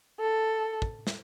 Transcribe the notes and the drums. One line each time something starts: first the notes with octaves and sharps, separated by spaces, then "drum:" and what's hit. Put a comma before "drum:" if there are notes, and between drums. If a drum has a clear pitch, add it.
A4
drum: kick
drum: snare